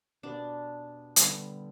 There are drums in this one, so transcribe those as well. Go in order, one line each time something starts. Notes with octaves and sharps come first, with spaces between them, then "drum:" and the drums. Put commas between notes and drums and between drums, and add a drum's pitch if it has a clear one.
B2 B3 D4 G4 B4
D3 G3 B3 G4 B4, drum: hi-hat